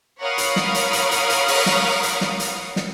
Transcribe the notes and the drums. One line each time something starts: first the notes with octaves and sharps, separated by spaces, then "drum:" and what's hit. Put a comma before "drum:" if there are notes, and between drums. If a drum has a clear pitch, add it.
A#4 C#5 F5 F#5 B5 D#6
drum: hi-hat
drum: snare
drum: hi-hat
drum: hi-hat
drum: hi-hat
drum: hi-hat
drum: open hi-hat
drum: snare
drum: hi-hat
drum: snare
drum: hi-hat
drum: snare